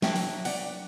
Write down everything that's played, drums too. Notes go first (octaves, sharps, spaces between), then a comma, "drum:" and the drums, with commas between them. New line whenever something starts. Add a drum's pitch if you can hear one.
F#3 A#3 D4 E5 G5, drum: snare
drum: open hi-hat
D5 F#5, drum: open hi-hat